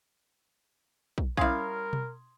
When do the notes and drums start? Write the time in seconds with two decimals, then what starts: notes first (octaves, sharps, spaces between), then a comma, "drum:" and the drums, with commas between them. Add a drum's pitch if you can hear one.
1.18 drum: kick
1.37 G3 C#4 E4 A#4 F5 C6 D#6 G#6, drum: kick
1.93 drum: tom B2